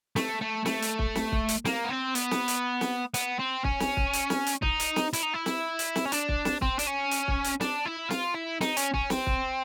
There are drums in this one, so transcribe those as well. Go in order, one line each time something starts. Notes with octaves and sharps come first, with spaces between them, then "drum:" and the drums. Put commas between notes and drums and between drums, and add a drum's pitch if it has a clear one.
A3, drum: snare
A3
A3, drum: snare
drum: hi-hat
drum: kick
drum: snare
drum: kick
drum: hi-hat
A#3, drum: snare
B3
C4
B3, drum: hi-hat
drum: snare
drum: hi-hat
drum: snare
B3, drum: hi-hat
C4
C#4, drum: kick
drum: snare
drum: kick
drum: hi-hat
drum: snare
drum: hi-hat
D#4, drum: kick
drum: hi-hat
drum: snare
E4, drum: hi-hat
D#4
E4
drum: snare
drum: hi-hat
drum: snare
C#4
D4, drum: hi-hat
drum: kick
drum: snare
C4, drum: kick
D4, drum: hi-hat
C#4
drum: hi-hat
drum: kick
drum: hi-hat
D4, drum: snare
E4
F4, drum: snare
E4
D#4, drum: snare
C#4, drum: hi-hat
C#4, drum: kick
C4, drum: snare
drum: kick